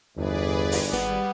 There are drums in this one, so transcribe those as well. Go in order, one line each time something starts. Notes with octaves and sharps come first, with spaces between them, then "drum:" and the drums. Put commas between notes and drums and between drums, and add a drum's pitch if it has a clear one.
G1 E2 G#4 B4 D5
drum: open hi-hat
G#1 G3 B3